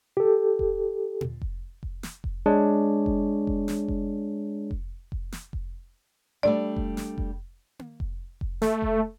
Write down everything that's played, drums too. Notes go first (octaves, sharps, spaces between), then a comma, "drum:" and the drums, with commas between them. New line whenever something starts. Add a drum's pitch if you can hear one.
G4 A4
drum: kick F1
drum: tom A#2
drum: kick F1
drum: kick F1
drum: snare
drum: kick F1
G#3 D4 G#4 C#5
drum: kick F1
drum: kick F1
drum: snare
drum: kick F1
drum: kick F1
drum: kick F1
drum: snare
drum: kick F1
G3 A3 D4 D5
drum: kick F1
drum: snare
drum: kick F1
drum: tom A#3
drum: kick F1
drum: kick F1
A3, drum: snare
drum: kick F1